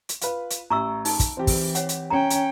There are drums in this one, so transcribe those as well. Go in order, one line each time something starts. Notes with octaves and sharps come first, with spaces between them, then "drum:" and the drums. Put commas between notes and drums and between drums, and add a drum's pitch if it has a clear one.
drum: hi-hat
F4 B4, drum: hi-hat
drum: hi-hat
A1 A#5 C#6 E6
D#4, drum: open hi-hat
drum: kick, hi-hat
E3 C4 G4
drum: kick, open hi-hat
C#5 F#5, drum: hi-hat
drum: hi-hat
C#4 G5 A#5
drum: hi-hat